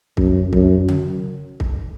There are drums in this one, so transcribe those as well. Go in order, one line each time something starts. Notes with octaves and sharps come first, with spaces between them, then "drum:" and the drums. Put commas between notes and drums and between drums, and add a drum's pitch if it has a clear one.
F#2, drum: kick
F#2, drum: kick
drum: tom C#3
drum: kick